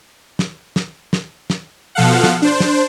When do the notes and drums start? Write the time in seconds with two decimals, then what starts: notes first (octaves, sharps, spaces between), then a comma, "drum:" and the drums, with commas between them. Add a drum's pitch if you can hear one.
0.39 drum: snare
0.76 drum: snare
1.13 drum: snare
1.50 drum: snare
1.95 B2 F3 A4 F5 F#5
2.24 drum: snare
2.42 D4 C5
2.60 drum: snare